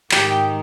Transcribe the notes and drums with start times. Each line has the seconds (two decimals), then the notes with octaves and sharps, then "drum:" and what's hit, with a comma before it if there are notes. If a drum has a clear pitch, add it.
0.11 G#2 D#3 G4 G5, drum: clap